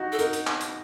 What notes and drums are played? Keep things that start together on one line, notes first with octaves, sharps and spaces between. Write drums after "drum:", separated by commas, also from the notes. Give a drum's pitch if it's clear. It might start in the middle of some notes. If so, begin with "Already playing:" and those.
Already playing: D#4 F#4
A4
D#4 A#4, drum: hi-hat
drum: hi-hat
drum: clap
drum: hi-hat